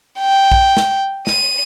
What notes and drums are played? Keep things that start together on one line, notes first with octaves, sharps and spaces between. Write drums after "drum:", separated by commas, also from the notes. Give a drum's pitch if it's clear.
G5
drum: kick A#1
drum: snare
D#7, drum: snare